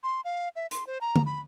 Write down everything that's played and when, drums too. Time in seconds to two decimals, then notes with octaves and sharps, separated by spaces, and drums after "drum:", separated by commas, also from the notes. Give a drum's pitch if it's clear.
0.03 C6
0.25 F5
0.56 E5
0.71 C6, drum: hi-hat
0.87 C5
1.01 A#5
1.16 drum: tom
1.26 B5